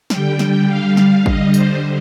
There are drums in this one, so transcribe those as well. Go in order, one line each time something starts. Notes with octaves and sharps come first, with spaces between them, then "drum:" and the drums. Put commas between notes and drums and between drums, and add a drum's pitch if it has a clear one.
D3 G3 G5, drum: snare
G5, drum: snare
F5
F5, drum: snare
D3 G3 D#5, drum: kick A1
C5, drum: tambourine